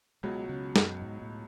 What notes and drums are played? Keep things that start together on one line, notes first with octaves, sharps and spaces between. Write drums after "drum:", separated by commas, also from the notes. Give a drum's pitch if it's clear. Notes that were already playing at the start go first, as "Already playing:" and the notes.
C#2 B2 F#3 G#3
C#3
F#2, drum: snare
G#2
A2